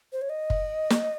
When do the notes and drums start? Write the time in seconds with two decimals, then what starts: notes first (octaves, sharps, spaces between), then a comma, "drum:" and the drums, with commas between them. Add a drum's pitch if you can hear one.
0.13 C5
0.22 C#5
0.30 D#5
0.50 drum: kick
0.90 drum: snare